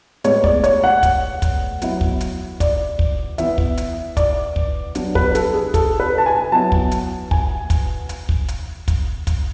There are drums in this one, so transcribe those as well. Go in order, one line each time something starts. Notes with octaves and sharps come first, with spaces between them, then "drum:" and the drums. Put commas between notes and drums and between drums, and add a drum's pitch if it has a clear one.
A2 G#3 B3 C#5, drum: hi-hat
D5, drum: kick
C#5, drum: hi-hat
F#5
drum: kick, hi-hat
drum: kick, hi-hat
F#3 B3 E4, drum: hi-hat
drum: kick
drum: hi-hat
D5, drum: kick, hi-hat
drum: kick
E3 B3 E4 E5, drum: hi-hat
drum: kick
drum: hi-hat
D5, drum: kick, hi-hat
drum: kick
F#3 B3 D4, drum: hi-hat
B4, drum: kick
A4, drum: hi-hat
G#4
A4, drum: kick, hi-hat
B4
A5
G#5
F#3 B3 E4 A5
drum: kick
drum: hi-hat
G#5, drum: kick
drum: kick, hi-hat
drum: hi-hat
drum: kick
drum: hi-hat
drum: kick, hi-hat
drum: kick, hi-hat